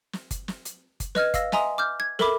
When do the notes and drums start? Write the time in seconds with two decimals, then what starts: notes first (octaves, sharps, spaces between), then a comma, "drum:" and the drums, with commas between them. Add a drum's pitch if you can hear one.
0.13 drum: snare
0.31 drum: kick, hi-hat
0.48 drum: snare
0.65 drum: hi-hat
1.00 drum: kick, hi-hat
1.15 B4 D#5 F6 G#6, drum: snare
1.34 F5 E6 A#6, drum: kick, hi-hat
1.52 D#5 E5 G#5 A#5 C6 D#6, drum: snare
1.78 D6 F6 G6
2.00 G#6
2.19 A4 A#4 E5 B5 D6, drum: snare